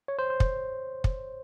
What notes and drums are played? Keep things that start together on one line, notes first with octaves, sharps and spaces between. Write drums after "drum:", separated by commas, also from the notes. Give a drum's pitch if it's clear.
C#5
C5
C5
drum: kick
drum: kick